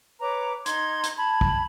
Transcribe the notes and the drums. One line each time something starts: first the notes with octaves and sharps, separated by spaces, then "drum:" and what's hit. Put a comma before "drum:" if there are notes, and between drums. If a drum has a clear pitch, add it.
B4 C#5 A#5 D6
D#4 C6 G#6, drum: hi-hat
drum: hi-hat
A5 B5 G#6
drum: kick